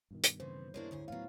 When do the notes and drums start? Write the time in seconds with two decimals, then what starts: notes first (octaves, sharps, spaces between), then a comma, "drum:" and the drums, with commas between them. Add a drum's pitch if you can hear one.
0.11 G2 B2 D#3
0.24 drum: hi-hat
0.40 C#3 E3 C5
0.74 G#3 A#3 D4 E4 C#5
0.91 D2 G#2 D3 G#4
1.08 D2 A2 F#3 B3 F4 F5